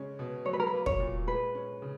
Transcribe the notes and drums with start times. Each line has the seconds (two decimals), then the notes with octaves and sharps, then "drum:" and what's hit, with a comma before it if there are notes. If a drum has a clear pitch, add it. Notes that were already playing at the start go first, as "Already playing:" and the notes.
Already playing: C#3 G#3 C#4
0.19 B2
0.45 F#3 C#5
0.53 B4
0.60 A#4
0.67 B4
0.73 A#3
0.86 C#5, drum: kick
1.00 A#2
1.27 G#3 B4
1.55 C#4
1.82 C#3